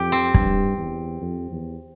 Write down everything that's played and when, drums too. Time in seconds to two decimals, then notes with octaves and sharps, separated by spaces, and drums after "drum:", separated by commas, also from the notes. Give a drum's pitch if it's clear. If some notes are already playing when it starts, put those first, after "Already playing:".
Already playing: F2 G4
0.12 C4
0.34 G2, drum: kick
0.78 E2
1.22 F2
1.51 E2